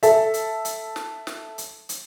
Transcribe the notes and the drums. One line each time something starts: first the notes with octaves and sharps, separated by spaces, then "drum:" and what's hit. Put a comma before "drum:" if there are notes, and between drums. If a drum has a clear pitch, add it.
A4 E5, drum: hi-hat
drum: hi-hat
drum: hi-hat
drum: snare
drum: snare
drum: hi-hat
drum: hi-hat